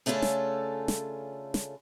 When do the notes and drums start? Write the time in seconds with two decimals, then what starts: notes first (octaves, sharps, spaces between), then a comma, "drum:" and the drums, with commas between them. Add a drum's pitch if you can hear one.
0.06 C#3 A3 C#4 D4 F4 A4
0.22 drum: snare
0.88 drum: snare
1.54 drum: snare